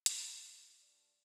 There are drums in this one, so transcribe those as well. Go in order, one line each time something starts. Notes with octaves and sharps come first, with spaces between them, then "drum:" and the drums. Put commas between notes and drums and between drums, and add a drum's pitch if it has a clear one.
drum: hi-hat
D#6 F6
F3 A3 E5 F6
G2 D5